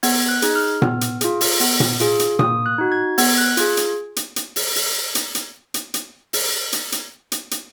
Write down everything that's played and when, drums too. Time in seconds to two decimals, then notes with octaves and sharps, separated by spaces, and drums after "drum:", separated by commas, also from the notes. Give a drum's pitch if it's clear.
0.03 B3 G#6, drum: open hi-hat
0.28 F#6
0.42 D#4 G#4, drum: hi-hat
0.55 F6
0.82 B3, drum: tom A#2
1.01 drum: hi-hat
1.21 F4 G#4, drum: hi-hat
1.41 drum: open hi-hat
1.60 B3, drum: open hi-hat
1.80 drum: tom A#2
2.00 F4 G#4, drum: hi-hat
2.19 drum: hi-hat
2.39 A#3 D#6, drum: tom A#2
2.66 F#6
2.78 D#4 F#4
2.92 G#6
3.18 B3 G#6, drum: open hi-hat
3.38 F#6
3.57 F4 G#4 G#6, drum: hi-hat
3.77 drum: hi-hat
4.16 drum: hi-hat
4.36 drum: hi-hat
4.56 drum: open hi-hat
4.76 drum: open hi-hat
5.15 drum: hi-hat
5.35 drum: hi-hat
5.74 drum: hi-hat
5.94 drum: hi-hat
6.33 drum: open hi-hat
6.73 drum: hi-hat
6.92 drum: hi-hat
7.32 drum: hi-hat
7.51 drum: hi-hat